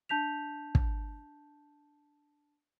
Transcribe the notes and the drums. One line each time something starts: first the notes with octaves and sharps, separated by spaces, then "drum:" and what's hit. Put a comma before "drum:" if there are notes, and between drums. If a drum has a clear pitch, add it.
D4 A5 G6 B6 F7
drum: kick